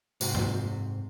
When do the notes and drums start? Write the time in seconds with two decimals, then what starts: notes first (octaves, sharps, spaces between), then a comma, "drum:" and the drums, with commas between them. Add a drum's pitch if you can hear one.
0.21 G#2 C3 C4 F#4, drum: tambourine
0.34 drum: tom